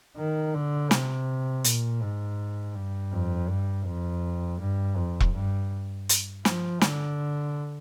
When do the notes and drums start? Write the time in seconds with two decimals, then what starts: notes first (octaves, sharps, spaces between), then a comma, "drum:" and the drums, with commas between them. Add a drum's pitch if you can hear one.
0.17 D#3
0.54 D3
0.91 C3, drum: snare
1.64 A#2, drum: hi-hat
2.02 G#2
2.75 G2
3.12 F2
3.48 G2
3.85 F2
4.60 G2
4.97 F2
5.20 drum: kick E1
5.34 G2
6.09 drum: hi-hat
6.45 F3, drum: snare
6.81 D3, drum: snare